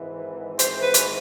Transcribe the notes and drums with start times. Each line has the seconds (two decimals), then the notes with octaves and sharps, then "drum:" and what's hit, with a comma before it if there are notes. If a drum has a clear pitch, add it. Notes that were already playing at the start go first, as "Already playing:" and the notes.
Already playing: G#1 G#2 E3
0.59 C5, drum: hi-hat
0.82 B4
0.94 drum: hi-hat